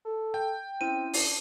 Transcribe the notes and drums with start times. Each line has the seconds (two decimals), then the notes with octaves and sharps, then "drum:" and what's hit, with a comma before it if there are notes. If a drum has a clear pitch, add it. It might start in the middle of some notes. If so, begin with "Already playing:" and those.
0.05 A4
0.34 G5
0.81 C4 C#4 E4 D#7
1.13 D4, drum: open hi-hat